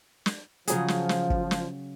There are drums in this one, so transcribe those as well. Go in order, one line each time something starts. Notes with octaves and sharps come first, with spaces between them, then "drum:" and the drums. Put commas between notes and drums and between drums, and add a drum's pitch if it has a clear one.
drum: snare
C#3 F3 F#3 G#4, drum: hi-hat
drum: snare
drum: snare
drum: kick
drum: snare